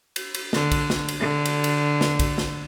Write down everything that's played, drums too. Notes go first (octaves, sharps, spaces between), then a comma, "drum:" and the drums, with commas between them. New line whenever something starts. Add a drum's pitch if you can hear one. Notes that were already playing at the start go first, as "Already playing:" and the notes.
drum: cymbal
drum: cymbal
D3, drum: snare
drum: kick B1, cymbal
drum: snare
drum: cymbal
D3
drum: cymbal
drum: cymbal
drum: snare
drum: kick B1, cymbal
drum: snare